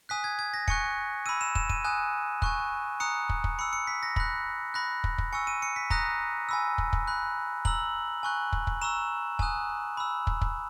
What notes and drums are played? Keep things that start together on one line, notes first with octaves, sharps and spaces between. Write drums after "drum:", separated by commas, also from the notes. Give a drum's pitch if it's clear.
G#5 D#6 F#6 B6
G#6
G#6
A#6
G#5 C#6 F#6 C#7, drum: kick
B5 E6 D#7
E7
E7, drum: kick
D#7, drum: kick
G#5 D#6 F#6
G#5 C#6 F#6, drum: kick
A#5 D#6 F#6 C#7
drum: kick
drum: kick
B5 E6 C#7
C#7
B6
A#6
B5 F#6 A#6, drum: kick
B5 F#6 A#6
drum: kick
drum: kick
G#5 C#6 E6 C#7
D#7
C#7
B6
A#5 D#6 F#6 A#6, drum: kick
G#5 B5 E6
drum: kick
drum: kick
B5 F#6
A#5 E6 F#7, drum: kick
G#5 C#6 F#6
drum: kick
drum: kick
A#5 C#6 E6 E7
G#5 D#6 F#6, drum: kick
B5 E6
drum: kick
drum: kick